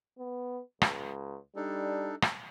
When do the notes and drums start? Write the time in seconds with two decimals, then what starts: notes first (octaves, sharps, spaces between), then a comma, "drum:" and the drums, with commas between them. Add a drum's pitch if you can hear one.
0.19 B3
0.82 C#2, drum: rim click
1.56 G3 D4 D#4 A4
2.22 drum: rim click